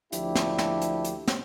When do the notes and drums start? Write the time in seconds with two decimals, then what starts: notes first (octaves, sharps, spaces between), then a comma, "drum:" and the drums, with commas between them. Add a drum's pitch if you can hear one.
0.12 D2 F3 D4 E4 G4, drum: hi-hat
0.35 drum: snare
0.58 drum: snare
0.81 drum: hi-hat
1.04 drum: hi-hat
1.28 drum: snare